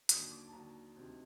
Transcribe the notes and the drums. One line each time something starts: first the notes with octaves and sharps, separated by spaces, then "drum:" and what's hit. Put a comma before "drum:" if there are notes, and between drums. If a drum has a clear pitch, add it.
D#2 D3 F#3 D#6, drum: hi-hat
D6
A5
D#2 D3 F#3 A#5
D2 C3 D#3 F#3